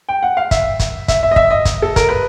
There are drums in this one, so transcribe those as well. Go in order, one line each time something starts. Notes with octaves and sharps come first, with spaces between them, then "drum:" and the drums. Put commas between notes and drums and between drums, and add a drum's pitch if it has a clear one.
G5
F#5
F5
E5, drum: kick, hi-hat
drum: kick, hi-hat
E5, drum: kick, hi-hat
E5
D#5
E5, drum: kick
D#5
drum: kick, hi-hat
A4
A#4, drum: kick, hi-hat
B4